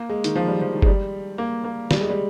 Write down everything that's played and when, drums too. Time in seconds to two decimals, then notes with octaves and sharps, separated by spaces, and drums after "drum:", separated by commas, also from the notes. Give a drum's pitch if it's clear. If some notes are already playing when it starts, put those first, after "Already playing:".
Already playing: A#3
0.09 G#3
0.24 D#3, drum: hi-hat
0.36 F3
0.48 G3
0.61 F3
0.74 D#3
0.82 G#3, drum: kick G1
0.86 G3
1.38 A#3
1.64 A#3
1.91 G3, drum: snare
2.01 G#3
2.10 G3